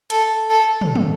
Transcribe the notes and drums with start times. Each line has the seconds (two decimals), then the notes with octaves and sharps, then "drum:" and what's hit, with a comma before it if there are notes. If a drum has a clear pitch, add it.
0.10 A4, drum: hi-hat
0.50 A4
0.81 drum: tom
0.95 drum: tom